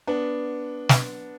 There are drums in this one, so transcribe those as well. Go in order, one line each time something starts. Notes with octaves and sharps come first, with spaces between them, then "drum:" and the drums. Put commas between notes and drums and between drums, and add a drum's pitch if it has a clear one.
B3 D4
drum: snare